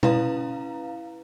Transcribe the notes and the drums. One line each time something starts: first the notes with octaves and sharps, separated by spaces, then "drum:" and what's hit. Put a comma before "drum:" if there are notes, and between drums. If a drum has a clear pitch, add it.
C#4 E4 B4 F5 A#5, drum: tom B2